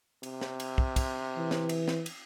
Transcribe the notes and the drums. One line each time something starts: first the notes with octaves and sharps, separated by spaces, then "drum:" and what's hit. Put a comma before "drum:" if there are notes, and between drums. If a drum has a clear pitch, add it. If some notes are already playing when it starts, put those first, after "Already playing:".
C3, drum: cymbal
drum: snare
drum: cymbal
drum: kick
drum: kick, cymbal
E3
drum: snare
drum: cymbal
drum: snare
drum: cymbal